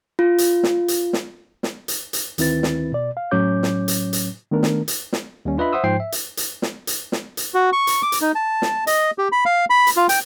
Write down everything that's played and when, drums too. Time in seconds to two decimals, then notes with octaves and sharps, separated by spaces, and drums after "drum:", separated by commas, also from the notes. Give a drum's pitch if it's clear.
0.19 F4
0.38 drum: hi-hat
0.63 drum: snare
0.88 drum: hi-hat
1.13 drum: snare
1.63 drum: snare
1.88 drum: hi-hat
2.13 drum: hi-hat
2.38 D2 D#3 C4 E4 B4 A6, drum: hi-hat
2.63 drum: snare
2.92 B2 D5
3.17 F5
3.31 A2 F#3 C#4 C#5 D6 G6
3.63 drum: snare
3.88 drum: hi-hat
4.13 drum: hi-hat
4.52 D#3 A3 B3 D4 A#4
4.63 drum: snare
4.88 drum: hi-hat
5.13 drum: snare
5.45 D#2 G3 C#4
5.58 D4 F4 B4 D#5 E5 B5
5.73 C5 E5 F#5 C6 D#6 E6
5.84 G#2 F3 C5 G5 C7
6.00 E5
6.12 drum: hi-hat
6.37 drum: hi-hat
6.62 drum: snare
6.87 drum: hi-hat
7.12 drum: snare
7.37 drum: hi-hat
7.54 F#4
7.73 C#6
7.87 drum: hi-hat
8.03 D6
8.12 drum: hi-hat
8.21 D#4
8.35 A5
8.62 drum: snare
8.87 D#5, drum: hi-hat
9.18 G4
9.32 B5
9.45 F5
9.70 B5
9.87 drum: hi-hat
9.97 F4
10.09 G5, drum: hi-hat